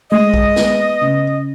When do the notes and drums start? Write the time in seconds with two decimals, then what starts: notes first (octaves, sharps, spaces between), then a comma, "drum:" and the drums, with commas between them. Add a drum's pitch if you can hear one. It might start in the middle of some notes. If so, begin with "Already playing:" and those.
0.10 G#3 D#5
0.34 drum: kick A#1
0.56 B3, drum: snare
1.01 C#3